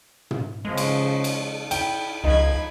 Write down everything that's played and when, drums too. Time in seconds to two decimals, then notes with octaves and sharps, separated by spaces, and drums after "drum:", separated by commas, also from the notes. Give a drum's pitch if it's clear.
0.31 drum: tom
0.65 C#3 F3 G#3
0.77 drum: cymbal
1.24 drum: cymbal
1.71 E4 G5, drum: cymbal
2.24 C#2 F3 D#4 B5 G#6